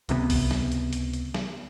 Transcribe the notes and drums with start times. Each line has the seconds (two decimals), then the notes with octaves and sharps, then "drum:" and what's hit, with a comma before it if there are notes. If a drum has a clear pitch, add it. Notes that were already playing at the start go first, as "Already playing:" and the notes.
0.09 C#2 C3 G#3 B3, drum: hi-hat
0.30 drum: kick B1, open hi-hat
0.51 drum: snare
0.72 drum: hi-hat
0.93 drum: hi-hat
1.14 drum: hi-hat
1.34 drum: snare